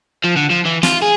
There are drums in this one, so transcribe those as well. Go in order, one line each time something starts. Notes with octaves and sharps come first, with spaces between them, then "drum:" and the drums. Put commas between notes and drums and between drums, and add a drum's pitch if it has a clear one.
F3
D3
F3
E3
F4, drum: snare
G#4